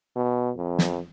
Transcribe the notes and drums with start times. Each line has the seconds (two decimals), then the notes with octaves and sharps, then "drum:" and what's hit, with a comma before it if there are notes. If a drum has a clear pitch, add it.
0.16 B2
0.57 F2
0.79 drum: snare